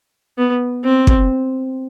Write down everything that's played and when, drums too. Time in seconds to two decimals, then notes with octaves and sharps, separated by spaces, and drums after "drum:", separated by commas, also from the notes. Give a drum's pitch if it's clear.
0.38 B3
0.84 C4
1.07 drum: kick